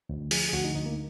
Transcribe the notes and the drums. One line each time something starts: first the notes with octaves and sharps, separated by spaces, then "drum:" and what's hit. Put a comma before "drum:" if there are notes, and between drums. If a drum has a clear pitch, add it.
D2
F3 G#4, drum: open hi-hat
G#4
D2 F#4
D#4
D2 D#4
A#3